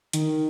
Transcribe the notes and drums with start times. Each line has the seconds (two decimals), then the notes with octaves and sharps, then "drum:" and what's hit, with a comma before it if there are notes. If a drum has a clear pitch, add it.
0.13 D#3, drum: hi-hat